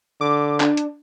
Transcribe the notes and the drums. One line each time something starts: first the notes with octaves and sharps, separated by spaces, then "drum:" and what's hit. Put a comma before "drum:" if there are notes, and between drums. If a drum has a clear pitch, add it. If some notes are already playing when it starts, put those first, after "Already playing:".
D3 D6
D4, drum: clap
drum: hi-hat